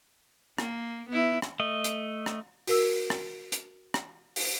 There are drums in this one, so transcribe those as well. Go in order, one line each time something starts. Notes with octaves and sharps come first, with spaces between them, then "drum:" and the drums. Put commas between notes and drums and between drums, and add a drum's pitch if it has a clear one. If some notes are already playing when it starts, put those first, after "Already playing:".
A#3, drum: rim click
B3 E4
drum: rim click
A3 D#5
drum: hi-hat
drum: rim click
F#4 A#4 E6, drum: open hi-hat
drum: rim click
drum: hi-hat
drum: rim click
drum: open hi-hat